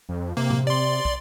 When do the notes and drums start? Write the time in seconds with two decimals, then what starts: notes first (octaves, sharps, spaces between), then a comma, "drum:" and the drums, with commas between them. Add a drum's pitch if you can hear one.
0.09 F2
0.37 C3 A#3
0.51 drum: tom A2
0.67 D5 C6
1.05 drum: kick